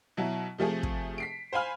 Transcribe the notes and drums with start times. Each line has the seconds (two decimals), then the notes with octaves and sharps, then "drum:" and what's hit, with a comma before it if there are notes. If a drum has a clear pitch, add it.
0.17 B2 F#3 E4
0.58 C3 F3 A3 G#4
0.83 drum: kick
1.18 B6 C7 D7
1.53 C5 F5 G#5 B5 F6